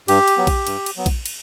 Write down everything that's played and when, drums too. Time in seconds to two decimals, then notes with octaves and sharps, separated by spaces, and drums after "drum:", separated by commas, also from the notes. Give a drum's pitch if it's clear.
0.08 G2 G4, drum: cymbal
0.28 drum: cymbal
0.37 F#3 B3
0.47 drum: kick A#1, cymbal
0.67 G2, drum: cymbal
0.86 drum: cymbal
0.97 F#3 B3
1.06 drum: kick A#1, cymbal
1.26 drum: cymbal